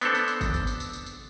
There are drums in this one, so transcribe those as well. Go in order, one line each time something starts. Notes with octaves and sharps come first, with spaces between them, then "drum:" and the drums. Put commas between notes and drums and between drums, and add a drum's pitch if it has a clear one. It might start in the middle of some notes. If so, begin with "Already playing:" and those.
B3 C4 D4 A4, drum: tambourine
drum: tambourine
drum: tambourine
drum: kick G1, tambourine
drum: tambourine
drum: tambourine
drum: tambourine
drum: tambourine
drum: tambourine